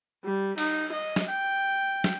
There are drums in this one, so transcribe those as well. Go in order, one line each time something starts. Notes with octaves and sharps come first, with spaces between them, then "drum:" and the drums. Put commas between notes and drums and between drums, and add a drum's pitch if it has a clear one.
G3
D#4, drum: cymbal
D#5
drum: snare
G5
drum: snare